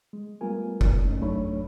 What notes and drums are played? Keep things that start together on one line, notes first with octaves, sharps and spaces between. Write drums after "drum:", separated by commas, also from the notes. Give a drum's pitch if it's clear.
G#3
G3 A3 B3 F4 A#4 G#5
drum: kick F#1
G#2 A3 C#4 D#4
F#3 A3 D4 C#5 B5